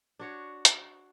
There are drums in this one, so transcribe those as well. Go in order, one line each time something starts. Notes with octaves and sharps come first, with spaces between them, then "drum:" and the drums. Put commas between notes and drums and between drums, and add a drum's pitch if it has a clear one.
D4 F#4 C#5
drum: hi-hat